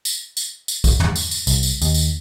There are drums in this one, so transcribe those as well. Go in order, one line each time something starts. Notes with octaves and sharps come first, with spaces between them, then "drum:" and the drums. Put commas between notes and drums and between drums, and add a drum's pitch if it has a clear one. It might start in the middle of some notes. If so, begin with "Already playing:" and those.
drum: tambourine
drum: tambourine
drum: tambourine
drum: kick B1, tambourine
drum: tom
drum: tambourine
drum: tambourine
C2, drum: tambourine
drum: tambourine
D#2, drum: tambourine
drum: tambourine